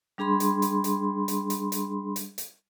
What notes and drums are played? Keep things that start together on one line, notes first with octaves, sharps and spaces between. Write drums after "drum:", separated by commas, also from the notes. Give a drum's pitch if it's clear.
G3 D4 G#4 B5 C6
drum: hi-hat
drum: hi-hat
drum: hi-hat
drum: hi-hat
drum: hi-hat
drum: hi-hat
drum: hi-hat
drum: hi-hat